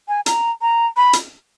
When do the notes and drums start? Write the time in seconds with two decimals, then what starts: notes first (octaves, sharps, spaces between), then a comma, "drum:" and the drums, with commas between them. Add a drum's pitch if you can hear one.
0.08 G#5
0.26 A#5, drum: hi-hat
0.62 A#5
0.97 B5
1.13 drum: hi-hat